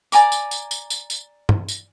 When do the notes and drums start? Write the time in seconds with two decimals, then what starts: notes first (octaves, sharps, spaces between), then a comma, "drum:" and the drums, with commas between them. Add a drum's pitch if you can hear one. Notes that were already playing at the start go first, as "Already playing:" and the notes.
0.12 D5 G#5 A#5 D6, drum: tambourine
0.32 drum: tambourine
0.51 drum: tambourine
0.71 drum: tambourine
0.90 drum: tambourine
1.10 drum: tambourine
1.49 drum: tom
1.68 drum: tambourine